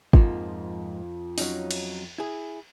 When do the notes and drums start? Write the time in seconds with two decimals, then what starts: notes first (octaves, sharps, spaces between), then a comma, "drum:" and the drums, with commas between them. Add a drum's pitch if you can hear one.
0.13 F2 G#2 F3 A#3, drum: kick
1.38 F#3 C#4 D#4, drum: open hi-hat
1.71 drum: cymbal
2.18 E4 G#4